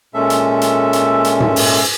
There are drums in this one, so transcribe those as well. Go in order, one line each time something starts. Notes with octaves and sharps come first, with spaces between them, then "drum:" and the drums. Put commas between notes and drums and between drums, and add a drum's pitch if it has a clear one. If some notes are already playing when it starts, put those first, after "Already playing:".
A#2 G#3 C#4 A4 E5
drum: hi-hat
drum: hi-hat
drum: hi-hat
drum: hi-hat
drum: tom G#2
drum: open hi-hat